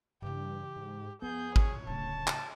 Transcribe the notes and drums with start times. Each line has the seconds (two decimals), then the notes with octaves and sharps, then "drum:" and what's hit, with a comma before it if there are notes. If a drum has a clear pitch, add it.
0.22 G2 C#3 E3 G4
0.76 G#2
1.22 F2 B3 G#4 G6
1.56 C#5, drum: kick G#1
1.87 D1 A2 C#3 A5
2.27 drum: clap